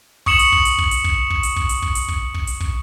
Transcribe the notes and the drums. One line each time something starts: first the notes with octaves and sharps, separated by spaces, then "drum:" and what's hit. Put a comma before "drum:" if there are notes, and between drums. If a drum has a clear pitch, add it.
C#6 D#6 C#7 E7 F#7, drum: kick
drum: hi-hat
drum: kick
drum: hi-hat
drum: kick
drum: hi-hat
drum: kick
drum: kick
drum: hi-hat
drum: kick
drum: hi-hat
drum: kick
drum: hi-hat
drum: kick
drum: kick
drum: hi-hat
drum: kick